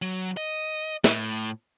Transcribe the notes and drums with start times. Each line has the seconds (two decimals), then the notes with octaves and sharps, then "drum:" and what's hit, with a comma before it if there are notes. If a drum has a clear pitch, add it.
0.02 F#3
0.37 D#5
1.04 A2, drum: snare